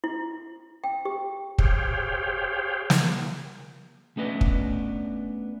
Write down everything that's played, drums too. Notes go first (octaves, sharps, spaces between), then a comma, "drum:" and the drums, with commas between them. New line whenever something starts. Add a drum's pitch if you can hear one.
E4
G5
G4
G4 G#4 C5 C#5 F5 G5, drum: kick
drum: snare
A3 B3 C#4 D4 B4 D#5
drum: kick